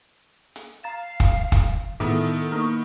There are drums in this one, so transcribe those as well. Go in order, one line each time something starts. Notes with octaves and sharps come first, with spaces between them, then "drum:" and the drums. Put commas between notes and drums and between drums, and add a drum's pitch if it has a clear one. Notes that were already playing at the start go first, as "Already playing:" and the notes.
drum: hi-hat
F5 A#5 A6 E7
drum: kick, hi-hat
drum: kick, hi-hat
A2 D#3 B3 E4 A4
A#3 D#4 C#6